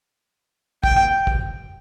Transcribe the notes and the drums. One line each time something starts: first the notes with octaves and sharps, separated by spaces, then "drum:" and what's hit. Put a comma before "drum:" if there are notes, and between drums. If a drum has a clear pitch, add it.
G5, drum: kick
drum: kick